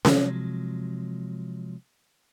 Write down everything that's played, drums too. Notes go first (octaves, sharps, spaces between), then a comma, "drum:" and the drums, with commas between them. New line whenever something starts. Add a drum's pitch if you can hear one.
C3 F3 F#3 G#3, drum: snare C#4